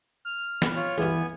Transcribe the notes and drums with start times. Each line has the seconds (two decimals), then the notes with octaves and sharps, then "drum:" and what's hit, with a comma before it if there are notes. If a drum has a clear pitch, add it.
0.25 F6
0.62 B3 B4, drum: snare
0.76 F4 C#5
0.98 C#2 G2 E3 B3 G#5